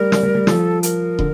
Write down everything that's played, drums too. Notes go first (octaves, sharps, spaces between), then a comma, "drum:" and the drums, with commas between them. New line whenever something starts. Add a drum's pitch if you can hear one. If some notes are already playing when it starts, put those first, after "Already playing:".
Already playing: G3 A#4
G3, drum: snare
G3
G3
F3 A4, drum: snare
A#4, drum: hi-hat
D3, drum: kick